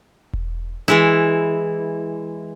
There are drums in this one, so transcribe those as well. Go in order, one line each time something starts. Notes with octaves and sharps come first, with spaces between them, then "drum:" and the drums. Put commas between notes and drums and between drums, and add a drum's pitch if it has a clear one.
drum: kick E1
E3 G#3 E4